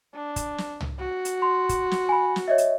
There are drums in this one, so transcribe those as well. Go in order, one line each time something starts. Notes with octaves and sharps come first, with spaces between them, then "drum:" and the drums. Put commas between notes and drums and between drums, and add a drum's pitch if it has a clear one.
D4
drum: kick, hi-hat
drum: snare
drum: tom
F#4
drum: hi-hat
C6
drum: kick, hi-hat
drum: snare
G#5 B5
drum: snare
C#5 D#5 E5
drum: hi-hat